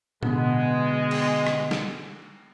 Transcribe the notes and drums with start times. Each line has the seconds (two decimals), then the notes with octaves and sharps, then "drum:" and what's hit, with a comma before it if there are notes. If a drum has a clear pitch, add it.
0.23 B2 D3 G#3 B3, drum: tom A2
1.11 drum: cymbal
1.47 drum: rim click
1.71 drum: snare